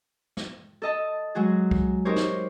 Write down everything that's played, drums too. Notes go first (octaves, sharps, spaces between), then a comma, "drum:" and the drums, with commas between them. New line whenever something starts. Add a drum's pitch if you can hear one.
drum: snare
A4 D#5 A5
F#3 G#3 F#4 G#4
drum: kick C2
D#4 G4 A#4 C5 C#5
drum: snare